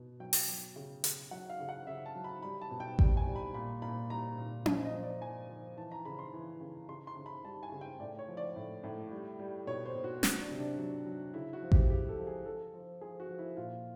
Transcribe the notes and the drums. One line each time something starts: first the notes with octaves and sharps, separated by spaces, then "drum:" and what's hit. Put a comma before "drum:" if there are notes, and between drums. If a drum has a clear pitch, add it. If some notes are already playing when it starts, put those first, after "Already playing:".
Already playing: B2
F#3 G5
drum: open hi-hat
F#3
C#3
C#3, drum: hi-hat
F#3 F#5
F5
C#3
F#5
C#3 E5
A5
F#3
B5
G3 B5
A5
B2
G5
G3 G5, drum: kick A1
G#5
G3
B5
A#2 B5
A#2 B5
G3 A#5
A#2
F3, drum: tom C#4
D#5
F3
D5
F3 G#5
F3
E3 A5
A#5
C#3 B5
C6
E3
C#3
C#3 C6
C6
C#3
B5
G3 A5
G#5
C#3
G5
A2 D5
C#5
F3
D5
A2
A2
G3
G3
B2 C#5
C5
B2
F#4
F#3 F#4, drum: snare
D4
C3
D4
F#3
F#3
C#3 E4
F#4
F3
G4, drum: kick A1
C#3 G4
A4
F3
G#4
F3 A4
F3
F3 G#4
F#4
F3
E4
A#2 F4